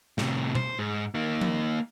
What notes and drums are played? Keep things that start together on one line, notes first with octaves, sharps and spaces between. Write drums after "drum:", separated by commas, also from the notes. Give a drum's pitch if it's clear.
A2 C3, drum: snare
C5, drum: tom B2
G#2
A#3 D#4
drum: tom F3